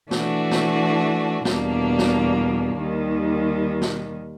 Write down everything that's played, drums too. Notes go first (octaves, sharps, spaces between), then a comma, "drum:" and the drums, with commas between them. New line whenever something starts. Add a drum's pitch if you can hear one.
E3 A3 D4 F#4, drum: snare
drum: snare
E2 B2 G3 A#3 D4, drum: snare
drum: snare
D#2 D#3 G3
drum: snare